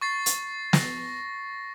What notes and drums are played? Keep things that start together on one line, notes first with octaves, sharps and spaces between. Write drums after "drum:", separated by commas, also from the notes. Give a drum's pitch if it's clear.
C#6 A6 C7
drum: hi-hat
A#6, drum: snare